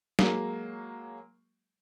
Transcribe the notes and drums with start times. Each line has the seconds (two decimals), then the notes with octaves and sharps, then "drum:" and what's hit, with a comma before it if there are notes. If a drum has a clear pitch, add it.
0.19 F#3 G#3 A#3, drum: snare